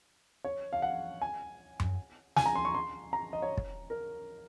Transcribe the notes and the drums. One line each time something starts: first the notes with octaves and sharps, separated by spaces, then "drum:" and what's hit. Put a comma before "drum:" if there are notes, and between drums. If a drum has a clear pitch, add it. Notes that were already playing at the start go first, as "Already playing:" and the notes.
C#5
F5
F#5
G#5
drum: tom F#2
G#5, drum: snare
A#5
C6
C#6
C6
A#5
D#5
C#5
drum: kick
A#4